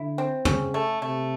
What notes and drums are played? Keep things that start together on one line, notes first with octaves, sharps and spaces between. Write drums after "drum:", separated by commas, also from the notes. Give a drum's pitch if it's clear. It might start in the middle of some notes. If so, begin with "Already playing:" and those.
Already playing: D3 E4
C4
C#3 C#4, drum: tom
A3
C3 A3